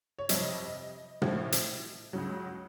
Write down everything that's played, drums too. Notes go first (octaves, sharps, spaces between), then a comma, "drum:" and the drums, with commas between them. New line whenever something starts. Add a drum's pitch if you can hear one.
C#5
F2 C3 F3 D#5, drum: hi-hat
A1 A2 F3, drum: tom A#2
drum: hi-hat
C#2 C#3 F#3